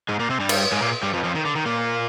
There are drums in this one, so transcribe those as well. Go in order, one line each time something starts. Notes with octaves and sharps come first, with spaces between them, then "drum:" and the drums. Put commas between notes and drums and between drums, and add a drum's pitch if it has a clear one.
G#2 G#3
A#2 A#3
C3 C4
G2 G3
drum: cymbal
G#2 G#3
A#2 A#3
G2 G3
F2 F3
F2 F3
D#3
D3
D#3
A#2 A#3